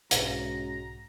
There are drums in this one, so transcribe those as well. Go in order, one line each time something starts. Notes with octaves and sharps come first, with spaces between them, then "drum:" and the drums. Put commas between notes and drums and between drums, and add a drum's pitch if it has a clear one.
B1 G#2 G#3 C#4 F#4 A#5, drum: hi-hat